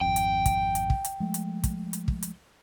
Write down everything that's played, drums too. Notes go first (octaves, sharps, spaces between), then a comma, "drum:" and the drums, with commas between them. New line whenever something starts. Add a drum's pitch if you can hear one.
G#1 F2 G5
drum: hi-hat
drum: kick, hi-hat
drum: hi-hat
drum: kick
drum: hi-hat
F3 G#3 A3
drum: hi-hat
drum: kick, hi-hat
drum: hi-hat
drum: kick
drum: hi-hat